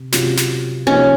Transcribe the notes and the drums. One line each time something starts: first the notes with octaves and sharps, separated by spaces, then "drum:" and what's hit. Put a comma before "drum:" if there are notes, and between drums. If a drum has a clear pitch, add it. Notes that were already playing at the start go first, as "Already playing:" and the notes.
Already playing: C3
C3 F#3 C#4 F4, drum: snare
drum: snare
C3 F3 A#3 C#4 D#4